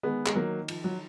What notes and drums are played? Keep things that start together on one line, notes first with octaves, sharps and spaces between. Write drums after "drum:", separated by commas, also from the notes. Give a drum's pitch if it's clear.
D#3 G#3 B3
G#3, drum: clap
D#3 F#3 A#3
F3, drum: cymbal
F#3